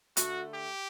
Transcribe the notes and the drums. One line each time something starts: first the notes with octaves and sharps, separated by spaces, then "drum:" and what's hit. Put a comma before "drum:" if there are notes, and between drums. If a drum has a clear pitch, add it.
D3 A3 F#4, drum: hi-hat
G4